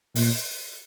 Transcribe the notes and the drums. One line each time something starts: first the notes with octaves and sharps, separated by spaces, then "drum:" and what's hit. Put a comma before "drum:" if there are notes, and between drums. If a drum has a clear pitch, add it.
A#2, drum: open hi-hat